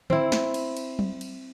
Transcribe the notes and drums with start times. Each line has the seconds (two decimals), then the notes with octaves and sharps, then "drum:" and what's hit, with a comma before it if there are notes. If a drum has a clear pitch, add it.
0.10 C4 E4, drum: tom D3
0.32 drum: snare
0.54 drum: cymbal
0.77 drum: cymbal
0.99 drum: tom F#3
1.21 drum: cymbal